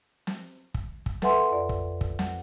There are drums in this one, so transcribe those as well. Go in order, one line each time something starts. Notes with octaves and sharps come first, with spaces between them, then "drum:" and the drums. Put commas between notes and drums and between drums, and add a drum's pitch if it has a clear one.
drum: snare
drum: kick
drum: kick
A4 B4 E5 F#5 G#5 C6, drum: snare
F2 D5
drum: kick
drum: kick
F#5, drum: snare